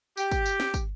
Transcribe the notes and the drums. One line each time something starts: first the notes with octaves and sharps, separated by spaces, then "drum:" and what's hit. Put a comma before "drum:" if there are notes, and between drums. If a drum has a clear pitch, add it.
G4, drum: tambourine
drum: kick, tambourine
drum: tambourine
drum: snare
drum: kick, tambourine